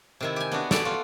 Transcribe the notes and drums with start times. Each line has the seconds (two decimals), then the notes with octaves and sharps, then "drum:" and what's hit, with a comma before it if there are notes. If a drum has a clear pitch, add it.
0.21 C3 D#3 E4
0.36 G4 G#5
0.52 B3 D4 F#4
0.71 A3 A4 D5 G#5, drum: snare
0.85 F4 F#4